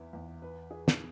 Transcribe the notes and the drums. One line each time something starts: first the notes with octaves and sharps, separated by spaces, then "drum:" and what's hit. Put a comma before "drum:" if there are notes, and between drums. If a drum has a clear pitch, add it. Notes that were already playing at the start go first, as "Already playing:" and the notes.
Already playing: E2 E3 B3
E2
B4
G#4
drum: snare